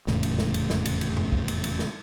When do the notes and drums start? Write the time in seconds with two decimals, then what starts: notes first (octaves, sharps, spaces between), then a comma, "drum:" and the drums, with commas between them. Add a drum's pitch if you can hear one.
0.07 F1 E2 A2 C#3, drum: snare
0.23 drum: cymbal
0.39 drum: snare
0.54 drum: cymbal
0.70 drum: snare
0.85 drum: cymbal
1.01 drum: cymbal
1.17 drum: tom F#2
1.32 drum: kick
1.48 drum: cymbal
1.64 drum: cymbal
1.79 drum: snare